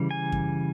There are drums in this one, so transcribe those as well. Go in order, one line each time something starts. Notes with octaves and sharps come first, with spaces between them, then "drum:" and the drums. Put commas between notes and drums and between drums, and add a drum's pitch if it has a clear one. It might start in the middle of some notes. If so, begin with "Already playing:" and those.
Already playing: C#3 E3 G3
G#5
drum: kick F#2